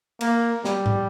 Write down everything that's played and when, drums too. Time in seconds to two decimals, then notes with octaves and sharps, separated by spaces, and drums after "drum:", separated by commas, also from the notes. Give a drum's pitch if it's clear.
0.21 A#3, drum: cymbal
0.65 G3, drum: snare
0.86 drum: tom G#2